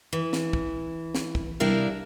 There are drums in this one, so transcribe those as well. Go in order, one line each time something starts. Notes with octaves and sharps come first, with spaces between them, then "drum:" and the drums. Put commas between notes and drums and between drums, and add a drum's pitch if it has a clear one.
E3
drum: snare
drum: kick
drum: snare
drum: kick
C3 G3 D4 E4 A#4 F5